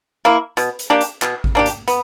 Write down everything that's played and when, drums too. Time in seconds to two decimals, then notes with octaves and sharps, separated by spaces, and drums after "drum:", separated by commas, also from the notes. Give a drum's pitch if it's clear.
0.25 A#3 E4
0.57 B2, drum: hi-hat
0.79 drum: hi-hat
0.90 A#3 D4 G4
1.01 drum: hi-hat
1.22 B2, drum: clap
1.44 drum: kick G#1
1.55 A#3 D4 G4
1.66 drum: hi-hat
1.88 B3, drum: hi-hat